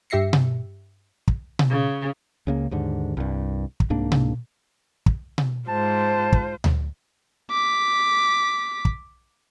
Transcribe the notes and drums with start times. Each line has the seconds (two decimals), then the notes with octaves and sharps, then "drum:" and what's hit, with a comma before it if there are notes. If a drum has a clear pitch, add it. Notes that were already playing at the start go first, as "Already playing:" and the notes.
0.10 G2 G4 E5 A#6 C7 C#7
0.33 drum: tom B2
1.28 drum: kick
1.59 drum: tom B2
1.69 C#3
2.47 C#2 C#3 A#3
2.71 D#2 G#2 D3
3.17 C2 G2
3.80 drum: kick
3.90 C2 G#2 A#3 D4
4.12 drum: tom B2
5.06 drum: kick
5.38 drum: tom B2
5.68 G#2 F4 C5 A5
6.32 drum: kick
6.64 drum: tom D2
7.51 D6 B6
8.85 drum: kick